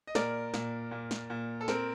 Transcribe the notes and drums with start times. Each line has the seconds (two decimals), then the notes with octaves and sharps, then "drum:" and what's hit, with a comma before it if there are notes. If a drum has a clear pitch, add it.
0.07 D#5
0.15 A#2 A#4 D5, drum: snare
0.54 A#2, drum: snare
0.91 A#2
1.11 drum: snare
1.30 A#2
1.61 A4
1.68 C4 A#4, drum: snare